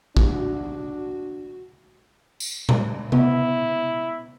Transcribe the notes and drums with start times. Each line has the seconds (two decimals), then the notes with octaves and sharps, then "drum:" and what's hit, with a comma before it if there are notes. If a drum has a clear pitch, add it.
0.17 D4 F#4, drum: kick
2.40 drum: tambourine
2.69 drum: tom A#2
3.12 B3 E4, drum: tom C3